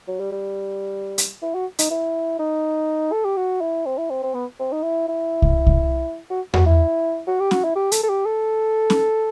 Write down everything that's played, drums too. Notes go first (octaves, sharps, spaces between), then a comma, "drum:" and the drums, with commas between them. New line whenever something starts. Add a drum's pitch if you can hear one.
F#3
G3
G3
drum: hi-hat
E4
F#4
D#4, drum: hi-hat
E4
D#4
A4
G4
F#4
E4
C4
E4
C4
C4
B3
C4
D#4
E4
E4
drum: kick C2
drum: kick C2
F#4
F#4, drum: tom E2
E4
F#4
G4
F#4, drum: snare
E4
G4
A4, drum: hi-hat
A4
G4
A4
drum: snare